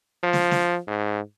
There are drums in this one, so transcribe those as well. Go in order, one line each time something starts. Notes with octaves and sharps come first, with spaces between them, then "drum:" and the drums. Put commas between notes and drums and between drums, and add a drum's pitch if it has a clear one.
F3
drum: snare
drum: snare
G#2